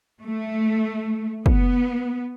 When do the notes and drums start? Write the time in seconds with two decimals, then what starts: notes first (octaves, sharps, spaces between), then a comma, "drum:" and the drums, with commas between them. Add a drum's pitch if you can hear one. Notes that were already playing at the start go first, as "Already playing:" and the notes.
0.22 A3
1.46 B3, drum: kick